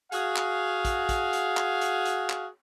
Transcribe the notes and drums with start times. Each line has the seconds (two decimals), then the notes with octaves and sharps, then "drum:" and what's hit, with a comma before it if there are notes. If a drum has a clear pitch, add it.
0.12 F#4 G#4 F5, drum: hi-hat
0.36 drum: clap
0.85 drum: kick, hi-hat
1.09 drum: kick, hi-hat
1.33 drum: hi-hat
1.57 drum: clap
1.81 drum: hi-hat
2.05 drum: hi-hat
2.30 drum: clap